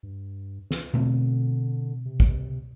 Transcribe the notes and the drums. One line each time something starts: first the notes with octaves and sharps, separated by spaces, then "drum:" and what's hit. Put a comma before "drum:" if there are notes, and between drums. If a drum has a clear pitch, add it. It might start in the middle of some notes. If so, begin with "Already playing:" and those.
G2
drum: snare
B2 D3 A3 C4
C3
drum: kick